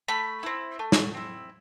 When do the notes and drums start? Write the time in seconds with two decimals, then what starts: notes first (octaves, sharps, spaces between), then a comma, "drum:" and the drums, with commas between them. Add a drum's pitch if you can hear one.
0.08 A3 B5
0.43 C4 E4
0.79 A3
0.92 drum: snare
1.14 C4 E4